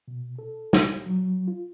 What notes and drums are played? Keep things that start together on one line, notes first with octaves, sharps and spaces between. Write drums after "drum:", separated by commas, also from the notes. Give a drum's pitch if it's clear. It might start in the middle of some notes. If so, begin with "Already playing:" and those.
B2
A4
drum: snare
F#3
F4